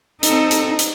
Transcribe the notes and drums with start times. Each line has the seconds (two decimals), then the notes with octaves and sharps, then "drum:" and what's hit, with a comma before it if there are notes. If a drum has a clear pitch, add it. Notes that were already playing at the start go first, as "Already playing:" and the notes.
0.23 C4 D#4 A4, drum: hi-hat
0.51 drum: hi-hat
0.79 drum: hi-hat